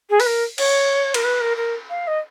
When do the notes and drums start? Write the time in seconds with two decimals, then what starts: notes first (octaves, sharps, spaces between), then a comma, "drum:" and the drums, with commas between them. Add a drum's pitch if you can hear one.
0.10 G#4
0.20 B4, drum: open hi-hat
0.26 A#4
0.58 C#5, drum: cymbal
1.14 A#4, drum: cymbal
1.24 B4
1.40 A#4
1.57 A#4
1.90 F5
2.07 D#5